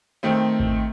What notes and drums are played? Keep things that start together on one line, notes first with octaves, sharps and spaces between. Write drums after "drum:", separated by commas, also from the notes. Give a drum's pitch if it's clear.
D#3 A3 C4
drum: kick G#1